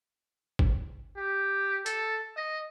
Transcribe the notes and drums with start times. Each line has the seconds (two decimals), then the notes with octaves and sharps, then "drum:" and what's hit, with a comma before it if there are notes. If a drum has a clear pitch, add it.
0.59 drum: kick G1
1.17 G4
1.86 A4, drum: hi-hat
2.37 D#5